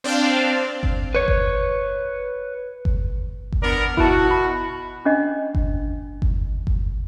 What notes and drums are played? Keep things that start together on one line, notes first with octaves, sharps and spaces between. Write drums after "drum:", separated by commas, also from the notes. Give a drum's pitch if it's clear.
C4 D4 C5 D5 F5
drum: kick G1
B4 C#5
drum: kick G1
drum: kick G1
drum: kick G1
B3 D4 A#4
B2 E4 F#4 A5, drum: kick G1
B5
C#4 D4 D#5
drum: kick G1
drum: kick G1
drum: kick G1